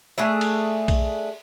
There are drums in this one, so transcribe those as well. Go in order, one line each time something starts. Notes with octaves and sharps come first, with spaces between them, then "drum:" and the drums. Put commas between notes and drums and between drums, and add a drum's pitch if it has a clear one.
A3 D4 G#4 E5
drum: cymbal
drum: kick B1, cymbal